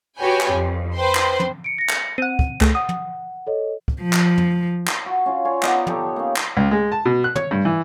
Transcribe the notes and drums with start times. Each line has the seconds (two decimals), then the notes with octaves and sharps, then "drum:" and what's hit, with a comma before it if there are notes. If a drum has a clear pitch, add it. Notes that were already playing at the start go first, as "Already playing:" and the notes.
0.18 F#4 G4 B4 C#5 G5 G#5
0.40 drum: clap
0.53 F2
0.95 B4 C5 G5 C6
1.15 drum: clap
1.40 drum: tom
1.64 C#7 D7
1.78 A#6 C#7
1.89 drum: clap
2.18 C4 F#5 D#7
2.39 drum: kick
2.61 C#2 A3, drum: clap
2.75 F#5 D#6
2.89 drum: tom
3.47 A4 C#5 D#5
3.88 drum: kick
4.02 F3
4.13 drum: clap
4.38 drum: tom F2
4.87 drum: clap
5.06 F#4
5.26 C#4 F4
5.45 C#4 F4 C#5 D5
5.63 B3 D#4 D5 A#5, drum: clap
5.87 D#4 G4 A4 C#5, drum: tom
6.16 A#3 C#4
6.36 drum: clap
6.57 C#2
6.71 G#3
6.92 A5
7.06 B2
7.24 F#6
7.35 C#5, drum: tom
7.51 G2
7.65 E3